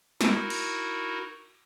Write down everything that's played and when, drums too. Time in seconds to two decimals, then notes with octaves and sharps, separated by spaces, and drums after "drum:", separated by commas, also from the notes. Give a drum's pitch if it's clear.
0.21 D#4 E4 F#4 A#4, drum: snare
0.50 drum: cymbal